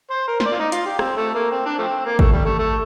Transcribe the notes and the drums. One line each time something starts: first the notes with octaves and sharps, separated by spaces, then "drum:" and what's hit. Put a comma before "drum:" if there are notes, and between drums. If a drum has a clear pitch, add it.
C5
A#4
C5, drum: snare
D5
F4
D#4
F4, drum: hi-hat
G4
C4, drum: rim click
A3
A#3
C4
D4
F3 A3 C4
A#3
A3, drum: kick
G3
A3
A3